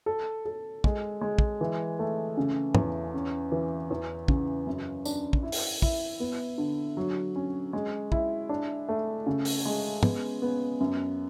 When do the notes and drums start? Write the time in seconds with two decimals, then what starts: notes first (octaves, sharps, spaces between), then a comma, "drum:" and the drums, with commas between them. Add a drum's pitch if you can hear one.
0.06 A4
0.45 A4
0.84 G#3, drum: kick
1.21 G#3
1.39 drum: kick
1.61 E3
1.99 A3
2.37 C#3
2.75 E2, drum: tom
3.14 C#4
3.52 E3
3.90 E2
4.28 C#3, drum: kick
4.67 F#2
5.05 D4, drum: tambourine
5.33 drum: kick
5.43 E4
5.52 drum: open hi-hat
5.82 E4, drum: kick
6.20 B3
6.58 D3
6.97 F#3
7.36 C#4
7.73 G#3
8.12 E4, drum: kick
8.49 D4
8.89 A3
9.26 C#3
9.45 drum: open hi-hat
9.66 G#3
10.03 B3, drum: tom
10.42 B3
10.80 F#2